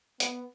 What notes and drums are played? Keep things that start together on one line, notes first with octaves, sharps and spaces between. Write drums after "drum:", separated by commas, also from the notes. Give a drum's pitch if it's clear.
B3, drum: hi-hat